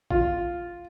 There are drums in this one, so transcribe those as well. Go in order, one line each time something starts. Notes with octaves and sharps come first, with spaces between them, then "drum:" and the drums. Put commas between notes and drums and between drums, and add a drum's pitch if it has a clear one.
F4, drum: kick